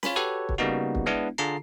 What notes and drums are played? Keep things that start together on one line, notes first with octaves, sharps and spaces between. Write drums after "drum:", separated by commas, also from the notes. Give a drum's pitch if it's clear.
F4 C#5 G#5 B5, drum: snare
F#4 G4 A4 B4 C#5
drum: kick
C#3 G3 A#3 B3 D#4 F#4
drum: kick
G#3 B3 D4 E4
D3 F4 G#4 A5 A#5 C7